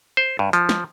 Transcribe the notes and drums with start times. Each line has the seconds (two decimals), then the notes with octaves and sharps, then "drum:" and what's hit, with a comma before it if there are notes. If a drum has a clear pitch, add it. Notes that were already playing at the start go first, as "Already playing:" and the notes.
0.17 C5
0.39 G2
0.53 F3, drum: hi-hat
0.69 drum: snare